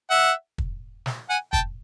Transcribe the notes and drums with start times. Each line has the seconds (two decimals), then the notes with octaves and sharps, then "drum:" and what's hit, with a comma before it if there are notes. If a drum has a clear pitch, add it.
0.10 E5 F#5
0.58 drum: kick
1.06 drum: snare
1.30 F#5 G#5
1.53 G5 A5, drum: kick